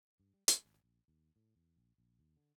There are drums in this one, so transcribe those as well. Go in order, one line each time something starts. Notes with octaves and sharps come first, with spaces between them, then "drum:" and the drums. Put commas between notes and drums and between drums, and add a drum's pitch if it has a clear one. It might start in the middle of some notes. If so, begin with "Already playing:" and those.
G2
G3
G#3, drum: hi-hat
G#1
A#1
D#2
A2
E2
A#1
A#1
D#2
D3